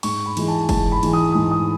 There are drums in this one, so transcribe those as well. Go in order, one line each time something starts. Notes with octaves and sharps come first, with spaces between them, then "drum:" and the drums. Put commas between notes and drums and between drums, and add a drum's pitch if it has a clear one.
G#2 C#6, drum: cymbal
B5
E3 G#3, drum: cymbal
A5
G#2 A5, drum: kick, cymbal
B5
E3 G#3, drum: cymbal
D#6
G#2 D#6
D#6